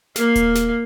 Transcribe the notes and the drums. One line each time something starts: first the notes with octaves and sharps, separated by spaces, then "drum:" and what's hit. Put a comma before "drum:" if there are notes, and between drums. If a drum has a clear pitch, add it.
A#3 F5, drum: snare
drum: kick D#1, hi-hat
drum: snare